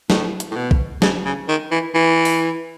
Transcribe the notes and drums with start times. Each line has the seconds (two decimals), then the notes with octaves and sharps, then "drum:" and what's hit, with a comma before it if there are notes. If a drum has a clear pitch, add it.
0.10 A2, drum: snare
0.40 drum: hi-hat
0.51 A2
0.56 B2
0.71 drum: kick B1
1.02 C#3, drum: snare
1.25 C#3
1.48 D#3
1.71 E3
1.94 E3
2.25 drum: open hi-hat